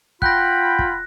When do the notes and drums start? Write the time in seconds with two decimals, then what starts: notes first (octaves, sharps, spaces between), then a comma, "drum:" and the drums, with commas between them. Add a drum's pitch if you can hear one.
0.22 F4 F#5 G5 B5 F#6 A#6, drum: kick
0.79 drum: kick